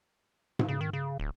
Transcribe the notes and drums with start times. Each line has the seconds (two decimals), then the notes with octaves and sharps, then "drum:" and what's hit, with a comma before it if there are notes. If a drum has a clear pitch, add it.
0.59 drum: tom G#2
0.68 C#3
0.81 D#3
0.93 C#3
1.19 D1